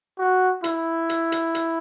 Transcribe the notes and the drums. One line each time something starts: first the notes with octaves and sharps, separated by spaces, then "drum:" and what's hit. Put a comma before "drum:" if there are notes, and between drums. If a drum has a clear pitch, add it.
F#4
E4, drum: hi-hat
drum: hi-hat
drum: hi-hat
drum: hi-hat